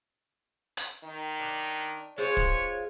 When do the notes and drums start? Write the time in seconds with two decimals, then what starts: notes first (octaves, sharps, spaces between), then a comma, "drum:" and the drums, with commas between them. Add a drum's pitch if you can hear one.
0.77 drum: hi-hat
1.04 D#3
1.40 D4
2.18 G#3 F4 C5 C#5
2.37 drum: kick